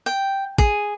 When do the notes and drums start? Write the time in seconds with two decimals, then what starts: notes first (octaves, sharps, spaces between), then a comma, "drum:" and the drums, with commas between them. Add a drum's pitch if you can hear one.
0.06 G5
0.58 G#4, drum: kick